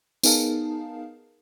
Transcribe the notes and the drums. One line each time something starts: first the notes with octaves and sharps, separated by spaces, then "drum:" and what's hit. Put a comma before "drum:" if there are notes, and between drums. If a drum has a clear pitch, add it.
B3 D#4 G#4 A#4 F5 A5, drum: tambourine